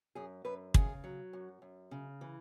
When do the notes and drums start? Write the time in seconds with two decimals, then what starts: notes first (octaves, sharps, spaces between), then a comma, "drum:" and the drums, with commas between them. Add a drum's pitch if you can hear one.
0.15 F#2 G#4
0.45 F#2 B4
0.74 C#3 G#4, drum: kick
1.04 F#3
1.33 F#2
1.62 F#2
1.91 C#3
2.21 E3